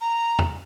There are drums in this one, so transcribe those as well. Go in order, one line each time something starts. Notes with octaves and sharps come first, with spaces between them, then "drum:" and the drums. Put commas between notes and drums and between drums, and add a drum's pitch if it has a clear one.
A#5
drum: tom